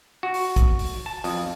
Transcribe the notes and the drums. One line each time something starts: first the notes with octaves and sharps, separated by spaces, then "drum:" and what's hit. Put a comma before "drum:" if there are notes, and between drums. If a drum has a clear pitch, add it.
F#4
drum: open hi-hat
drum: kick, hi-hat
drum: open hi-hat
A5
F2, drum: open hi-hat